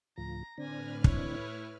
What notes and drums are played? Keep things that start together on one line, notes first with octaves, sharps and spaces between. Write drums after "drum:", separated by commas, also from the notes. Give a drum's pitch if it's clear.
D2 A2 F3 A#5
A2 D3 C4 D4 B4 G#5 F6 A#6
E4 C#5, drum: kick